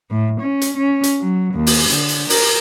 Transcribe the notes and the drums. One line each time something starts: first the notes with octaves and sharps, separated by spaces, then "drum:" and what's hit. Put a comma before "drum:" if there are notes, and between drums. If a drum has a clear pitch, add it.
A2
C#4
drum: hi-hat
C#4
drum: hi-hat
F#3
D#2
drum: open hi-hat
D3, drum: hi-hat
drum: hi-hat
A#4, drum: open hi-hat